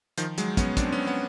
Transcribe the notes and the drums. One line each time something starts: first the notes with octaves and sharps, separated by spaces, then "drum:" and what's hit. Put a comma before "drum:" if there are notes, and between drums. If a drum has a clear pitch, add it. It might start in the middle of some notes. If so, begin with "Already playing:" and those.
D#3 F3, drum: hi-hat
F#3 G#3, drum: hi-hat
B3 C#4, drum: kick, hi-hat
C4 D4, drum: kick, hi-hat
B3 C#4
B3 C#4